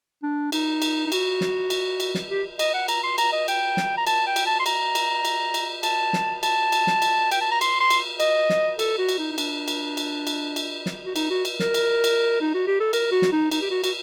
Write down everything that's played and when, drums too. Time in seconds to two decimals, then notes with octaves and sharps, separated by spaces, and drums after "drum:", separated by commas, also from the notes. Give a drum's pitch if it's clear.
0.23 D4
0.52 D#4, drum: cymbal
0.82 drum: cymbal
1.06 D#4
1.12 F#4, drum: cymbal
1.41 drum: snare
1.70 drum: cymbal
2.00 drum: cymbal
2.15 drum: snare
2.30 G4
2.59 D#5, drum: cymbal
2.74 F#5
2.88 A#5, drum: cymbal
3.04 C6
3.18 A#5, drum: cymbal
3.32 D#5
3.48 G5, drum: cymbal
3.77 drum: snare
3.97 A#5
4.07 A5, drum: cymbal
4.27 G5
4.36 drum: cymbal
4.46 A5
4.60 C6
4.66 A#5, drum: cymbal
4.95 drum: cymbal
5.25 drum: cymbal
5.54 drum: cymbal
5.83 A5, drum: cymbal
6.13 drum: snare
6.43 A5, drum: cymbal
6.72 drum: cymbal
6.87 drum: snare
7.02 drum: cymbal
7.31 G5, drum: cymbal
7.41 A5
7.51 A#5
7.61 C6, drum: cymbal
7.80 C6
7.90 drum: cymbal
8.20 D#5, drum: cymbal
8.49 drum: snare
8.79 A4, drum: cymbal
8.98 F#4
9.09 drum: cymbal
9.19 D#4
9.32 D#4
9.38 D4, drum: cymbal
9.68 drum: cymbal
9.97 drum: cymbal
10.27 drum: cymbal
10.56 drum: cymbal
10.86 drum: snare
11.05 F#4
11.16 D#4, drum: cymbal
11.30 F#4
11.45 drum: cymbal
11.59 A#4, drum: snare
11.74 drum: cymbal
12.04 drum: cymbal
12.41 D#4
12.54 F#4
12.67 G4
12.80 A4
12.93 A#4, drum: cymbal
13.12 F#4
13.22 drum: snare
13.32 D#4
13.51 D#4, drum: cymbal
13.62 G4
13.71 F#4
13.84 F#4, drum: cymbal